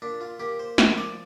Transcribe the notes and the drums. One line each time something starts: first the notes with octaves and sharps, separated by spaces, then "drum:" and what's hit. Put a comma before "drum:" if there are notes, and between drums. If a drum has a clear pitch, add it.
A#2 D4
F4
A#3 G4
C5
F3, drum: snare
D5